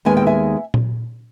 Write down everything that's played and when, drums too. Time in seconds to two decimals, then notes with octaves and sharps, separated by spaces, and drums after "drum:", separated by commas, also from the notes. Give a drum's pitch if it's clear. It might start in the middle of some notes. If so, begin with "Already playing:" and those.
0.05 D#2 D#3 G#3 B3 G#5
0.17 G5
0.26 E5 G#5
0.74 drum: tom A#2